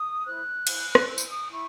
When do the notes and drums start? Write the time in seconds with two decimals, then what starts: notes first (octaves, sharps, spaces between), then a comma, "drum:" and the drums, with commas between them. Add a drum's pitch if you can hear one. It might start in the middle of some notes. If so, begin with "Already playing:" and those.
Already playing: D#6
0.25 E4 C5 F#6
0.67 E4 C5, drum: cymbal
0.95 drum: rim click
1.08 E4 C5 E6
1.18 drum: tambourine
1.29 D#6
1.49 E4 C#6